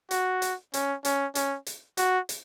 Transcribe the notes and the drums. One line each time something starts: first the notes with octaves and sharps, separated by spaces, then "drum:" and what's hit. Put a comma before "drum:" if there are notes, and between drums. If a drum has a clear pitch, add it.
F#4, drum: hi-hat
drum: hi-hat
C#4, drum: hi-hat
C#4, drum: hi-hat
C#4, drum: hi-hat
drum: hi-hat
F#4, drum: hi-hat
drum: hi-hat